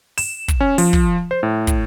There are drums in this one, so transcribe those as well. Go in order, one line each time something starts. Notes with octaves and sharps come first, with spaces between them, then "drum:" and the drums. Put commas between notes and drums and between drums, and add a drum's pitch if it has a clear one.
E7, drum: open hi-hat
drum: kick, hi-hat
C#4
F3, drum: open hi-hat
drum: kick
C5
A2
drum: kick, hi-hat